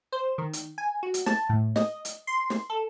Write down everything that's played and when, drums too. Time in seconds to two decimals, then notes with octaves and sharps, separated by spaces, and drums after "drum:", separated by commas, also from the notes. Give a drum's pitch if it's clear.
0.12 C5
0.38 D#3
0.53 drum: hi-hat
0.78 G#5
1.03 F#4
1.14 drum: hi-hat
1.26 A5, drum: snare
1.49 A2
1.76 D#5, drum: snare
2.05 drum: hi-hat
2.27 C6
2.50 drum: snare
2.70 A4